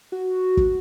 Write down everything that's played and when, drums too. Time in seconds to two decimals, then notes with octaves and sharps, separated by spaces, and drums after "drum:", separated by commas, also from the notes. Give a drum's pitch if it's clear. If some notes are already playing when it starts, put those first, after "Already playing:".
0.12 F#4
0.57 drum: kick